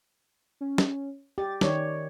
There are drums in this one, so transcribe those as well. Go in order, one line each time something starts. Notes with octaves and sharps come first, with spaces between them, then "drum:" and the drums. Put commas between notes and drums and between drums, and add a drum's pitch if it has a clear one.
C#4
drum: snare
G4 A6
D#3 C#5 D5, drum: snare